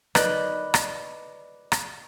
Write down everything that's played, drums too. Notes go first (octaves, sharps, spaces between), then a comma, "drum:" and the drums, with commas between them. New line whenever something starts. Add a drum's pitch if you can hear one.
B4 D5 D#5 F#6 G6, drum: rim click
drum: rim click
drum: rim click